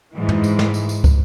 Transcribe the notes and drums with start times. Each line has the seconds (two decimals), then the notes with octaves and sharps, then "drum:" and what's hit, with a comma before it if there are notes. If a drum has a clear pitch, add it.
0.14 G#2 E3
0.29 drum: tom
0.44 drum: tambourine
0.59 drum: snare
0.74 drum: tambourine
0.89 drum: tambourine
1.04 drum: kick, tambourine